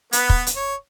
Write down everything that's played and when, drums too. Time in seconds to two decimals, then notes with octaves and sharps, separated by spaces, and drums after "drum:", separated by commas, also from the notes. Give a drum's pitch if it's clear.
0.13 B3 B4, drum: hi-hat
0.30 drum: kick
0.47 drum: hi-hat
0.56 C#5